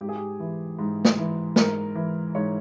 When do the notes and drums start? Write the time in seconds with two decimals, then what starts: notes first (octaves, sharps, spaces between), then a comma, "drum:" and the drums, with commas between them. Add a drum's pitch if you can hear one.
0.01 G#2 G4
0.09 G#4
0.16 G4
0.40 E3
0.79 G#2
1.05 drum: snare
1.18 E3
1.56 G#2 A#4, drum: snare
1.95 E3
2.35 G#2 C#5